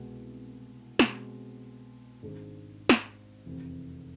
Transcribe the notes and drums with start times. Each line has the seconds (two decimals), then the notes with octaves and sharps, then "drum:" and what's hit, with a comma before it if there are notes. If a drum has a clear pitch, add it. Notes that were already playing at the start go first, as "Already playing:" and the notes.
Already playing: C2 B2 G#3 B3
0.99 B2 G#3 C4, drum: snare
2.23 G#1 G#2 G#3 D4 G#4
2.89 drum: snare
3.46 F1 E2 C3